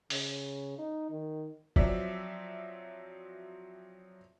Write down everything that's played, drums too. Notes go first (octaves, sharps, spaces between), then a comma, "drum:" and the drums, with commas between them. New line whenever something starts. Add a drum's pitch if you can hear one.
C#3, drum: open hi-hat
D#4
D#3
F3 F#3 C4 D5 E5, drum: kick